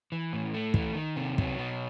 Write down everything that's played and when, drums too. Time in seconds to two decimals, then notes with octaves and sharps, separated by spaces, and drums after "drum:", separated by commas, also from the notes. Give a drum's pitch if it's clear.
0.12 E3
0.33 A2
0.54 A3
0.74 E3, drum: kick
0.95 D#3
1.16 C3
1.38 F#3, drum: kick
1.58 B2